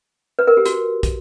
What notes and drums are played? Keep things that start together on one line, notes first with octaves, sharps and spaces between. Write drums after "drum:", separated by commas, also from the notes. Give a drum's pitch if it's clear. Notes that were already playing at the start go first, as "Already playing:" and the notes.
B4
A#4
G4
F#4, drum: hi-hat
drum: kick, hi-hat